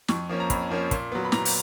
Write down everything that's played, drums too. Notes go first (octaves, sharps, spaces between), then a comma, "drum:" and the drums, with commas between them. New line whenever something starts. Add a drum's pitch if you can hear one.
F2 C#6, drum: snare
F3 A#3 C#4
A#5
F2 B5, drum: kick, hi-hat
F3 A#3 C#4
A#2, drum: kick, hi-hat
F#3 B3
B5
A#2 A#5, drum: snare
drum: open hi-hat